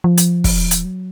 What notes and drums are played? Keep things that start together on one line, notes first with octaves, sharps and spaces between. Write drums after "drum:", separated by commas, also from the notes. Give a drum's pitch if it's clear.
F3
drum: hi-hat
drum: kick, open hi-hat
drum: hi-hat
F#3